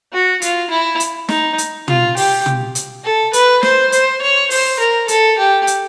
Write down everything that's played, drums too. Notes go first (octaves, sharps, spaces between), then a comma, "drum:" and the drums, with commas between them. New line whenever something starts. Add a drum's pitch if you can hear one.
F#4
F4, drum: hi-hat
E4
drum: hi-hat
D#4, drum: snare
drum: hi-hat
F4, drum: tom
G4, drum: open hi-hat
drum: tom
drum: hi-hat
A4
B4, drum: hi-hat
C5, drum: snare
C5, drum: hi-hat
C#5
C5, drum: open hi-hat
A#4
A4, drum: hi-hat
G4
drum: hi-hat